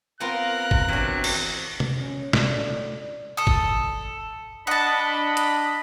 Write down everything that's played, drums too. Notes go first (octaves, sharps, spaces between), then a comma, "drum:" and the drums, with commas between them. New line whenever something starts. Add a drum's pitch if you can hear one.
B3 C4 F4 A#4 F#6
drum: kick G1
C3 E3 F#3 D4
drum: cymbal
drum: tom C3
C#4
D2 A2 D5, drum: snare
A4 D#6
drum: kick G1
D4 D#5 F#5 A5 B5
drum: hi-hat